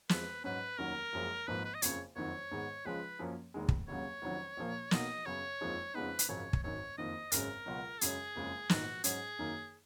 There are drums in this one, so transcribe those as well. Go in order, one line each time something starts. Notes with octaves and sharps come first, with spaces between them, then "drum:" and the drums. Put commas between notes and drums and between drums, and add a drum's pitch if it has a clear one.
F2 F3 G#3 B4, drum: snare
G#2 F#3 C#4 B4
F1 D#2 D#3 F#3 C#4 A#4
F#1 F#2 F3 G#3
G#1 G#2 F3 A#3 B4
B4
D#5
F#1 F2 C#3 C#5, drum: hi-hat
F#1 F2 D#3 F#3 C#5
G#2 D#3 G#3 B3
C#2 C#3 F3 G#3 C#4 B4
F#2 F3 A#3 C#4
F1 D#2 D#3 G#3
drum: kick
F1 D#2 C#3 F#3 C#5
F1 F2 D#3 F#3 C#4
A#1 A#2 F3 A#3
B1 B2 A#3 D#4 D#5, drum: snare
F#2 C#3 F#3 B3 C#5
F#1 F2 F3 G#3 D#4
F2 C#3 G#3 B3 D#4 B4
drum: hi-hat
G#1 F#2 C#3 F3 C#5
drum: kick
G#1 F#2 D#3 C#5
F#1 F2 D#3 A#3 D#5
G#1 F#2 C#3 G#3 C#4 A#4, drum: hi-hat
C#2 B2 F#3
F#2 C#3 G#3 C#4 G#4, drum: hi-hat
F#1 F2 C#3 G#3
A#1 G#2 D#3 F#4, drum: snare
G#2 F#3 C#4 G#4, drum: hi-hat
F#2 D#3 A#3 D#4